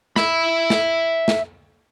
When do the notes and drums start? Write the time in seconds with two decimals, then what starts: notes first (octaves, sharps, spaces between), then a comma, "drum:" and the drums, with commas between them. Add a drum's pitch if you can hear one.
0.16 E5 B5, drum: snare
0.70 drum: snare
1.28 drum: snare